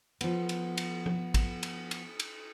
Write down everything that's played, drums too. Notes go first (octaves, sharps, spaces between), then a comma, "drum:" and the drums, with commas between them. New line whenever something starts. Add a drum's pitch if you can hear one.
F3 B3, drum: cymbal
drum: cymbal
drum: cymbal
drum: tom F3
drum: kick, cymbal
drum: cymbal
drum: cymbal
drum: cymbal